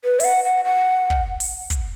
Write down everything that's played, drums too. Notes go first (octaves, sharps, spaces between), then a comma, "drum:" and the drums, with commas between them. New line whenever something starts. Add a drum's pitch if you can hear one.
B4
E5, drum: open hi-hat
F#5
F#5
F#5
drum: kick
drum: open hi-hat
drum: kick, hi-hat